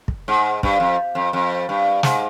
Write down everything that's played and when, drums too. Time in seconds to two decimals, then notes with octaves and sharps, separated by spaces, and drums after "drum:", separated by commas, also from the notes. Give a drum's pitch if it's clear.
0.08 drum: kick
0.28 G#2
0.63 G2, drum: kick
0.80 F2
1.15 F2
1.33 F2
1.69 G2
2.03 G#2, drum: snare